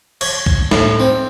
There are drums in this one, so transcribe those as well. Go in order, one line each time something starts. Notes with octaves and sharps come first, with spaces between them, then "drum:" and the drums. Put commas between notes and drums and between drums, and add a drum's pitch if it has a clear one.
C#5, drum: cymbal
drum: kick
A2, drum: snare
C4